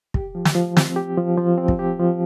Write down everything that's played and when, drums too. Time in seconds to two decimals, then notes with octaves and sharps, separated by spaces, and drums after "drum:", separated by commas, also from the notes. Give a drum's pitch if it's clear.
0.14 G4, drum: kick
0.35 F3
0.45 drum: snare
0.55 F3
0.77 C4, drum: snare
0.96 G4
1.17 F3
1.37 F3
1.57 C4
1.68 drum: kick
1.79 G4
2.00 F3